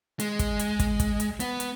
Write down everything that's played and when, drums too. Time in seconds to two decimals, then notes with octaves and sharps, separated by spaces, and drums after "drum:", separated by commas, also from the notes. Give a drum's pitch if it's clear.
0.20 G#3, drum: hi-hat
0.39 drum: kick, hi-hat
0.59 drum: hi-hat
0.80 drum: kick, hi-hat
1.00 drum: kick, hi-hat
1.20 drum: hi-hat
1.40 B3, drum: hi-hat
1.60 drum: hi-hat